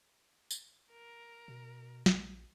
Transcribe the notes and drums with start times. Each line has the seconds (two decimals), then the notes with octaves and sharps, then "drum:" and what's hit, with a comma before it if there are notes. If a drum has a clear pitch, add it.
0.51 drum: tambourine
0.92 A#4
1.48 B2
2.06 A#1, drum: snare